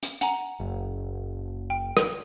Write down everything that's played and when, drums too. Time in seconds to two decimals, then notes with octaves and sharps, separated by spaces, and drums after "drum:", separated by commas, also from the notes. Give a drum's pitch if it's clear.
0.03 drum: hi-hat
0.21 F#5 G#5 A#5, drum: hi-hat
0.60 F#1
1.70 G5
1.97 drum: rim click